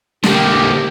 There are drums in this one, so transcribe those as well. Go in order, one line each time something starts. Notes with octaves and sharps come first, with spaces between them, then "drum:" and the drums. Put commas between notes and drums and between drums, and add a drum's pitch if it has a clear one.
D3 A#3 G4, drum: snare